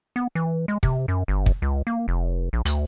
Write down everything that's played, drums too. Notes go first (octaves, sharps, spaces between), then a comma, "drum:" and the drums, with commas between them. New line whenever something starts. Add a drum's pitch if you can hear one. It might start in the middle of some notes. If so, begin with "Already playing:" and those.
B3
E3
G#3
C3, drum: kick
F#2
G1
drum: kick
C#2
A#3
F1
A#1
D2, drum: hi-hat